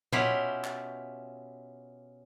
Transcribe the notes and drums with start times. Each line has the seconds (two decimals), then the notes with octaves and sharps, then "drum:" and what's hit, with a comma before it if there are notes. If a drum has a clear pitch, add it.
0.13 B2 C#4 E4 F4 G4, drum: tom A#2
0.65 drum: clap